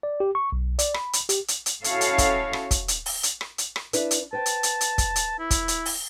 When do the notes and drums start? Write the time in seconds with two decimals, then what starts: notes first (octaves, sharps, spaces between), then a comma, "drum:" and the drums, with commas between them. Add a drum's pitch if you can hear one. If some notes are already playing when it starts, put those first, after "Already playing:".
0.03 D5
0.20 G4
0.35 C#6
0.52 B1
0.79 D5, drum: hi-hat
0.94 B5, drum: rim click
1.13 drum: hi-hat
1.29 G4, drum: hi-hat
1.48 drum: hi-hat
1.66 drum: hi-hat
1.84 C#4 E4 F#4 A4 C#5 F5, drum: hi-hat
2.01 drum: hi-hat
2.18 drum: kick, hi-hat
2.53 drum: rim click
2.71 drum: kick, hi-hat
2.88 drum: hi-hat
3.06 drum: open hi-hat
3.23 drum: hi-hat
3.41 drum: rim click
3.58 drum: hi-hat
3.76 drum: rim click
3.93 D4 E4 B4, drum: hi-hat
4.11 drum: hi-hat
4.33 B4 C5 G5 A5
4.46 drum: hi-hat
4.63 drum: hi-hat
4.81 drum: hi-hat
4.98 drum: kick, hi-hat
5.16 drum: hi-hat
5.39 E4
5.51 drum: kick, hi-hat
5.68 drum: hi-hat
5.86 drum: open hi-hat